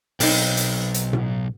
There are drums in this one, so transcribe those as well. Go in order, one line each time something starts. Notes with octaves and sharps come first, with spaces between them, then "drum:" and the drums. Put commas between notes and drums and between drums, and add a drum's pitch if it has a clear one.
B1 C4 D#4, drum: open hi-hat
drum: hi-hat
drum: hi-hat
drum: tom A2